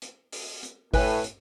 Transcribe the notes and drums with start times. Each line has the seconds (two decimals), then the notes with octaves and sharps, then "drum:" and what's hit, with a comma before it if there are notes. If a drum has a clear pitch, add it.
0.02 drum: hi-hat
0.32 drum: open hi-hat
0.63 drum: hi-hat
0.94 A2 B4 G#5, drum: kick G#1, open hi-hat
1.24 drum: hi-hat